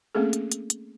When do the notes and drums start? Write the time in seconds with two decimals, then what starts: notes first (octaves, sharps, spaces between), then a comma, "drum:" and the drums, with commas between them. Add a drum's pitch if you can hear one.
0.15 A3 A#3 C4 C#4 G#4 A4
0.33 drum: hi-hat
0.52 drum: hi-hat
0.70 drum: hi-hat